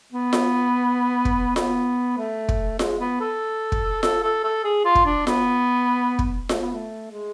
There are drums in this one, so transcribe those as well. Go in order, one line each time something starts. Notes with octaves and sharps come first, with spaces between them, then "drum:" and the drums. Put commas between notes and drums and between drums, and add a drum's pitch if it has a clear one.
B3
drum: snare F4
drum: kick
B3, drum: snare F4
A3
drum: kick
G#3, drum: snare F4
B3
A4
drum: kick
A4, drum: snare F4
A4
A4
G#4
F4
drum: kick
D4
B3, drum: snare F4
drum: kick
A3, drum: snare F4
B3
A3
G#3